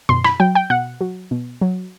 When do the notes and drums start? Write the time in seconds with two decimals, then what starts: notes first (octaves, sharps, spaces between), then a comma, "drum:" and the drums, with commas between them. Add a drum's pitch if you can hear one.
0.09 B2 C6, drum: tom F#2
0.24 B5, drum: rim click
0.40 F#3 G5
0.55 G5
0.70 B2 F#5
1.01 F#3
1.31 B2
1.61 F#3